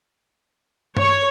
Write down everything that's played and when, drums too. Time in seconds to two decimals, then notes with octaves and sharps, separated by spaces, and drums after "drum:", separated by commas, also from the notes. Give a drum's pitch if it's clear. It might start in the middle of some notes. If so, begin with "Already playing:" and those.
0.97 C#5, drum: tom G2